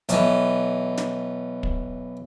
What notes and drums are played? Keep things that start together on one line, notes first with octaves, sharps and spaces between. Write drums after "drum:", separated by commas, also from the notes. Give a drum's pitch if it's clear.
B1 E3, drum: hi-hat
drum: snare
drum: kick